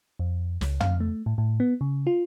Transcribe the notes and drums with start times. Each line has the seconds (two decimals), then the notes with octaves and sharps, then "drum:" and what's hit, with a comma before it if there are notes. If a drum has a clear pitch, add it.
0.19 F2
0.61 C#2, drum: snare
0.80 F5, drum: tom
1.00 A3
1.26 A2
1.38 A2
1.60 B3
1.81 C#3
2.07 F4